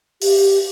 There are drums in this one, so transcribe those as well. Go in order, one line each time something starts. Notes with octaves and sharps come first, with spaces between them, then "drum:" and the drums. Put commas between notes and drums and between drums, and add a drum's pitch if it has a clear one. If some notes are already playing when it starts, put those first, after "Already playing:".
G4, drum: open hi-hat